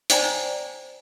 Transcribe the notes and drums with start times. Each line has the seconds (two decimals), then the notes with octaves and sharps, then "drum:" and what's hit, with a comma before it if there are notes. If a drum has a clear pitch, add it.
0.10 C5 D5 G5 G#5 A#5, drum: hi-hat